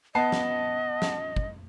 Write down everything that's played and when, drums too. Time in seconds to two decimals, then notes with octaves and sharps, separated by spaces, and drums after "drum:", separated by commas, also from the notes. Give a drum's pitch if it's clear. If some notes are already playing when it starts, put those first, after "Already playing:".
0.15 B3 D#5 A5 C7
0.32 drum: snare
1.02 drum: snare
1.36 drum: kick